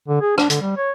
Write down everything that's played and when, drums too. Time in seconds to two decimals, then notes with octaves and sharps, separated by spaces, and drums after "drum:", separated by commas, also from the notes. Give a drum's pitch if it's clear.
0.08 D3
0.21 G#4
0.38 D4, drum: rim click
0.50 D3, drum: hi-hat
0.61 G3
0.77 C#5